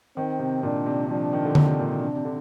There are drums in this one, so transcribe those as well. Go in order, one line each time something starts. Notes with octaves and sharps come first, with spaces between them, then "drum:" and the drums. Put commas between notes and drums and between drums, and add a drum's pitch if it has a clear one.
D#3 C4
C3
A#2 D4
C3
F3 D4
D#3
D3
C3, drum: tom D3
A#2
C3 D4
C3
D3